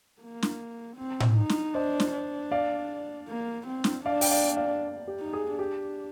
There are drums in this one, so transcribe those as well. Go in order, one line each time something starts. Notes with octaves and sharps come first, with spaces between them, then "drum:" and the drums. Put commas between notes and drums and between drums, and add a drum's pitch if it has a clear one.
A#3
drum: snare
C4
drum: tom A2
D#4
drum: snare
D4 C5 D#5
drum: snare
D4
D5 F5
A#3
C4
drum: snare
D4 D5 F5
G5, drum: open hi-hat
D5 F5
D5 F5
G4
D#4
G#4
D4 G4